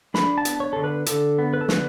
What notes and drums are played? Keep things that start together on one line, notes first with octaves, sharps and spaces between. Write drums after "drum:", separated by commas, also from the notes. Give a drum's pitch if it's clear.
D4 B5, drum: snare
A5
B3, drum: hi-hat
C#5
D3 A4
B4
D3 A4, drum: hi-hat
B3
B4
A4
D3 B4, drum: snare